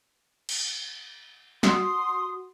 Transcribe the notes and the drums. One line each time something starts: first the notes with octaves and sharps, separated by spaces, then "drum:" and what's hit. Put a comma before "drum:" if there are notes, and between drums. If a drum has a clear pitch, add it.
drum: cymbal
F#4 C6 D#6, drum: snare